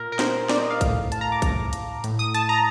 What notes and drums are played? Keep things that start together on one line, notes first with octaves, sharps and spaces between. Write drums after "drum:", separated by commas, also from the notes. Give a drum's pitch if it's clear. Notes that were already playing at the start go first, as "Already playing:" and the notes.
Already playing: A#2 A#4
A#4
C5, drum: snare
D5, drum: snare
D#5
F5
A2, drum: kick, hi-hat
A5, drum: hi-hat
A#5
D6
drum: kick, hi-hat
drum: hi-hat
A2, drum: hi-hat
D#6
A5, drum: hi-hat
A#5